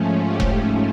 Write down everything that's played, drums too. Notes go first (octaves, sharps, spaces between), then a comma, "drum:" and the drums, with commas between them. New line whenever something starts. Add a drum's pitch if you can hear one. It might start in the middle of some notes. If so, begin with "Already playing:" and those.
Already playing: G#2 F3 A3 C#4
G4
drum: kick E1